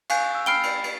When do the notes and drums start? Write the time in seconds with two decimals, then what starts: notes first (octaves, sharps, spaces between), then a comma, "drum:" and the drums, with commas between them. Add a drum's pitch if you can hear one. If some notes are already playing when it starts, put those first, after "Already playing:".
0.10 F5 G#5 C#6 F#6 G6, drum: cymbal
0.34 E6 G6
0.46 G5 B5 F6 C7 D7 G7, drum: cymbal
0.63 C7, drum: cymbal
0.84 drum: cymbal